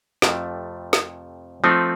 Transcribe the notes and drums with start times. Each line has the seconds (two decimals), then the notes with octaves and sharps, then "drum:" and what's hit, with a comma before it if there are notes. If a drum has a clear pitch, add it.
0.22 F2 C3 F3 A3, drum: snare
0.93 drum: snare
1.64 F3 A3 C4 D#4